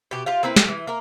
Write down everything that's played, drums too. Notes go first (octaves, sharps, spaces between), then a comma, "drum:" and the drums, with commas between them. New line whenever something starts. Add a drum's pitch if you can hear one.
B2 G4
F4 G4 F5
A#3 C4 E4 B4
A2 A4 G5, drum: snare
E3
A#3 A#4